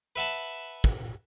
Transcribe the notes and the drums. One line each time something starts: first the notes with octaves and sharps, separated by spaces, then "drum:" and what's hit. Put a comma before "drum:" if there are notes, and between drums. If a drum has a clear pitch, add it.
B4 E5 F#5 A5
drum: kick